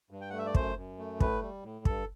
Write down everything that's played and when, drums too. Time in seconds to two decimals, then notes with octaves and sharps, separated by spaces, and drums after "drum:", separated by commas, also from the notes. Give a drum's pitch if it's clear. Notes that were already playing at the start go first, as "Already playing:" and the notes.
0.11 G2
0.21 G5
0.30 A3 F#5
0.38 E5
0.46 D5
0.55 F#2 C5, drum: kick
0.76 F#2
0.99 A3
1.20 A2 B4, drum: kick
1.42 G3
1.63 A2
1.85 G2 A4, drum: kick